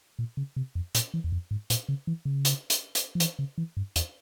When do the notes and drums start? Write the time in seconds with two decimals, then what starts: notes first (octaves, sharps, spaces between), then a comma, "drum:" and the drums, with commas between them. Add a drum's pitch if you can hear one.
0.19 A#2
0.37 C#3
0.56 C3
0.75 F2
0.95 A#2, drum: hi-hat
1.14 E3
1.24 E2
1.32 F2
1.51 G#2
1.70 A#2, drum: hi-hat
1.89 C#3
2.07 E3
2.25 C#3
2.45 drum: hi-hat
2.70 drum: hi-hat
2.95 drum: hi-hat
3.15 F3
3.20 E3, drum: hi-hat
3.39 C#3
3.58 E3
3.77 G2
3.96 E2, drum: hi-hat